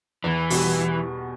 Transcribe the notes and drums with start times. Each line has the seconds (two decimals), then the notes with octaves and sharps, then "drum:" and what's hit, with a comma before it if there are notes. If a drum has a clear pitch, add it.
0.24 E2 E3
0.50 B2 G3, drum: open hi-hat